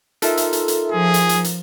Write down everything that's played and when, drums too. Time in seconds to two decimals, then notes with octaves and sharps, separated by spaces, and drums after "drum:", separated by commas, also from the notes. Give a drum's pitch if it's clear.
0.22 D#4 F4 A4 A#4 E5, drum: hi-hat
0.37 drum: hi-hat
0.53 drum: hi-hat
0.68 drum: hi-hat
0.92 F3 G#4
1.14 drum: hi-hat
1.29 drum: hi-hat
1.44 drum: hi-hat